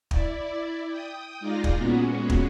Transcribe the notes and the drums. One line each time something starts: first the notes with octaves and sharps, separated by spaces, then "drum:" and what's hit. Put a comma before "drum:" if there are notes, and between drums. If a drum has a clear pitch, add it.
E4 D5, drum: kick
G5 D#6
G#3 D#4 F4 D5 A#6
drum: kick
A#2 G#3 B3 C#4 F#4
drum: kick